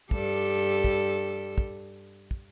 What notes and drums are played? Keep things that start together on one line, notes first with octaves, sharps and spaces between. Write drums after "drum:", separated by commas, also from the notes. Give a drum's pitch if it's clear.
G2 G4 A4, drum: kick
drum: kick
drum: kick
drum: kick